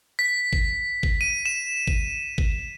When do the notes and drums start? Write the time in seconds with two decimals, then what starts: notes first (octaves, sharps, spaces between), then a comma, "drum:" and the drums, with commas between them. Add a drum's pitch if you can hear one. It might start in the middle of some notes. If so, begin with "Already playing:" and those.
0.19 B6
0.53 drum: kick
1.03 drum: kick
1.21 D#7
1.46 E7
1.87 drum: kick
2.38 drum: kick